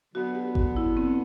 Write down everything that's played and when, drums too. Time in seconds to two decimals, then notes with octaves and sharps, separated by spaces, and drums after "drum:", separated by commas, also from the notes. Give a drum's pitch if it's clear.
0.15 D3 F#3 B3 F#4
0.35 G4
0.55 F#4, drum: kick G1
0.76 E4
0.97 C4